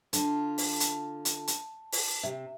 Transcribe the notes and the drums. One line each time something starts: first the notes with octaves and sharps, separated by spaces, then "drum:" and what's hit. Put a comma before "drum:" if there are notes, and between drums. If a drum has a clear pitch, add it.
D3 F4 A5, drum: hi-hat
drum: open hi-hat
drum: hi-hat
drum: hi-hat
drum: hi-hat
drum: open hi-hat
C3 E5